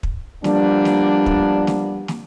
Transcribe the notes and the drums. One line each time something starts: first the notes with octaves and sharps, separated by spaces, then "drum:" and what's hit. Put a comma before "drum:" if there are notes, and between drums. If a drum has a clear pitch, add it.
drum: kick
F3 G3 A#3 B3 D4, drum: snare
drum: snare
drum: kick
drum: snare
drum: snare